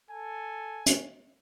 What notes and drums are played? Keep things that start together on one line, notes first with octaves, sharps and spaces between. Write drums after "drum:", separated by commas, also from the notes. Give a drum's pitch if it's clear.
A4 G#5
drum: hi-hat